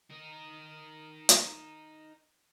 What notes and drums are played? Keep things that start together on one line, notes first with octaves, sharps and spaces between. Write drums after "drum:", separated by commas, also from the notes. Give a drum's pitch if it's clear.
D#4 A#4
drum: hi-hat